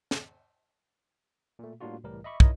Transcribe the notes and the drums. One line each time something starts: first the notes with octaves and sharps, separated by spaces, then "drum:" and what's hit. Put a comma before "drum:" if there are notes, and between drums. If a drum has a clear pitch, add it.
drum: snare
A#2 A3
A2 G3 A#3 D4 F4 F#4
C2 A2 E3 G3 A#4
D#5 E5 B5 C#6 D6
D#4 E4 A#4 C#5 D#5, drum: kick